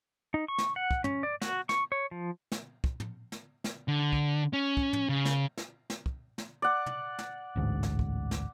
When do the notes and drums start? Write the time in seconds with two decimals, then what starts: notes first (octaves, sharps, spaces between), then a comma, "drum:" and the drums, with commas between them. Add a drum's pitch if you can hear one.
0.34 D#4
0.48 C#6
0.58 drum: snare
0.76 F#5
0.91 drum: kick
1.04 C#4, drum: tom
1.23 D5
1.42 F#4, drum: snare
1.69 C#6, drum: snare
1.92 C#5
2.11 F3
2.52 drum: snare
2.84 drum: kick
3.00 drum: tom
3.32 drum: snare
3.64 drum: snare
3.88 D3
4.13 drum: kick
4.53 C#4
4.77 drum: kick
4.93 drum: tom
5.09 C#3
5.25 drum: snare
5.58 drum: snare
5.90 drum: snare
6.06 drum: kick
6.38 drum: snare
6.62 D5 F#5
6.86 drum: tom
7.19 drum: snare
7.56 A1 D2 G#2
7.83 drum: snare
7.99 drum: kick
8.31 drum: snare